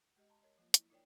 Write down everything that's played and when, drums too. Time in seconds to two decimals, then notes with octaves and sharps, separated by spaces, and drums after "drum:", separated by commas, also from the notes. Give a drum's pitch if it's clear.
0.16 G#3 G4 D#5
0.30 A5 A#5 C6
0.42 A#4 C#5 D#5
0.58 F3 F#3 A#3 F4
0.74 E4, drum: hi-hat
0.90 D#4 F4 A#4 C#5 D5 G5